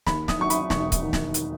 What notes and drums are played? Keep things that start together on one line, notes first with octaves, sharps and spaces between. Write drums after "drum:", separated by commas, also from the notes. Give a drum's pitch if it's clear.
D#2 B5, drum: snare
D#6, drum: snare
F#3 C#6
B5, drum: hi-hat
E1 C#6, drum: snare
drum: kick C#1, hi-hat
D#3
drum: snare
drum: hi-hat